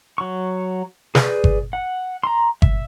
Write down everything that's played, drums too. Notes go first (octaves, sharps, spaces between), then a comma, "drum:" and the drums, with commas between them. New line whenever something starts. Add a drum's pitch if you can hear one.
F#3 C#6
G#4 B4 D5 G6, drum: snare
drum: kick G1
F#5
A#5 C6
E5, drum: kick G1